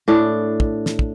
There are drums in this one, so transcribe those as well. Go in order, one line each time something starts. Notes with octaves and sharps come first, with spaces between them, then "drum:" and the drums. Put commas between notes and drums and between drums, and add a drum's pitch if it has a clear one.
A2 D4
drum: kick
drum: snare
drum: kick